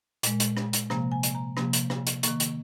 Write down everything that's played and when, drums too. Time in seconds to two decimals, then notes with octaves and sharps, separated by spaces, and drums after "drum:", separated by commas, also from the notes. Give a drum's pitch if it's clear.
0.23 A#2 G#3, drum: hi-hat
0.40 drum: hi-hat
0.57 drum: rim click
0.73 drum: hi-hat
0.90 C3 F3 A#3 A#5, drum: rim click
1.12 G#5
1.23 drum: hi-hat
1.35 A#5
1.57 C3 F3 A#3, drum: rim click
1.73 drum: hi-hat
1.90 drum: rim click
2.07 drum: hi-hat
2.23 D#3 A#3 C#6, drum: hi-hat
2.40 drum: hi-hat